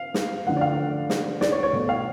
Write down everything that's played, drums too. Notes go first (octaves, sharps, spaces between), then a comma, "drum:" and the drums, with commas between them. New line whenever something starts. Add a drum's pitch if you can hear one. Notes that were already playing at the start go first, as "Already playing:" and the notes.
Already playing: F5
drum: snare
D3 F3 A3 F#5
D5
F5
drum: snare
D5, drum: snare
C#5
C#5
B2 A3
F5